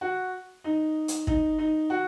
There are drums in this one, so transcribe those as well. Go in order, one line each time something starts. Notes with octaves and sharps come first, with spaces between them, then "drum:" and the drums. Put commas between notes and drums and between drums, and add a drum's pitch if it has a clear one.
F#4
D#4
drum: hi-hat
D#4, drum: kick
D#4
F#4